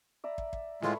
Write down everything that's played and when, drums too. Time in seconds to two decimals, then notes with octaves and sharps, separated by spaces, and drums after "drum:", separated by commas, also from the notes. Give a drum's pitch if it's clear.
0.24 D5 E5 A#5
0.38 drum: kick
0.53 drum: kick
0.82 A2 G#3 A3 F4 B4, drum: snare